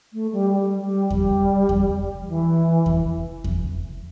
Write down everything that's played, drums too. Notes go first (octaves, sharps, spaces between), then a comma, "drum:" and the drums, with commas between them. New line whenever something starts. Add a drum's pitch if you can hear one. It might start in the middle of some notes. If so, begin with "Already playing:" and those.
A3
G3
G3
G3
G3, drum: kick E2
drum: kick E2
F#3
E3
drum: kick E2
drum: kick E2